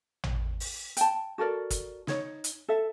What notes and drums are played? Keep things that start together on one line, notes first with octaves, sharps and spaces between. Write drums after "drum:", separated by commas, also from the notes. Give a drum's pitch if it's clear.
drum: tom A1
drum: open hi-hat
G5 A5, drum: hi-hat
F#4 A4 A#4 D5
drum: kick, hi-hat
D#4 C#5, drum: snare
drum: hi-hat
A4 E5